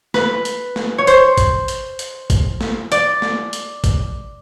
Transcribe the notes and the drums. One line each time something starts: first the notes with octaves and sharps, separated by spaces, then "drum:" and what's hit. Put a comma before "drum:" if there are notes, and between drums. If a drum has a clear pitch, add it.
B4, drum: snare
drum: hi-hat
drum: snare
C#5
C5, drum: hi-hat
drum: kick, hi-hat
drum: hi-hat
drum: hi-hat
drum: kick, hi-hat
drum: snare
D5, drum: hi-hat
drum: snare
drum: hi-hat
drum: kick, hi-hat